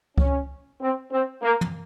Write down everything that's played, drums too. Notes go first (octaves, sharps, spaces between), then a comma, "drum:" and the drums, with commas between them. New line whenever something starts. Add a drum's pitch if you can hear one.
C#4, drum: kick C#2
C4
C4
A#3
drum: tom